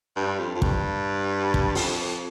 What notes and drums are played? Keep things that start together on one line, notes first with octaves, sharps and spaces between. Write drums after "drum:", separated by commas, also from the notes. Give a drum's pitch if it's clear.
G2
F2
F2
G2, drum: kick
drum: kick
F2, drum: open hi-hat